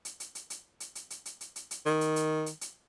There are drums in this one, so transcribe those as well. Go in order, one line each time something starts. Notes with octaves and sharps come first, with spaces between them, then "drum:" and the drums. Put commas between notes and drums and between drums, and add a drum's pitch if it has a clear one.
drum: hi-hat
drum: hi-hat
drum: hi-hat
drum: hi-hat
drum: hi-hat
drum: hi-hat
drum: hi-hat
drum: hi-hat
drum: hi-hat
drum: hi-hat
drum: hi-hat
D#3
drum: hi-hat
drum: hi-hat
drum: hi-hat
drum: hi-hat